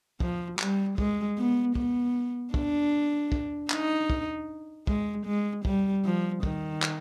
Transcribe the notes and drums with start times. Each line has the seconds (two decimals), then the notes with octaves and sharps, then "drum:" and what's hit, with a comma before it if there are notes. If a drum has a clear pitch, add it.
0.20 F3, drum: kick
0.59 G3, drum: clap
0.98 G#3, drum: kick
1.38 B3
1.75 B3, drum: kick
2.54 D4, drum: kick
3.32 drum: kick
3.70 D#4, drum: clap
4.10 drum: kick
4.87 G#3, drum: kick
5.26 G#3
5.65 G3, drum: kick
6.05 F3
6.43 D#3, drum: kick
6.82 drum: clap